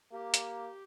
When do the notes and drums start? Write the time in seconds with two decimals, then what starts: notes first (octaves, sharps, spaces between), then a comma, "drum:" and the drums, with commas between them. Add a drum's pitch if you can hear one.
0.12 A#3 G4
0.34 drum: hi-hat